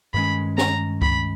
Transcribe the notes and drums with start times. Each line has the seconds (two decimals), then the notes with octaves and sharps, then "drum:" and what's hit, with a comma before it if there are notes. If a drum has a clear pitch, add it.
0.14 G2 D#3 G#3 C#4 B5
0.58 A#5, drum: snare
1.02 B5, drum: kick C#2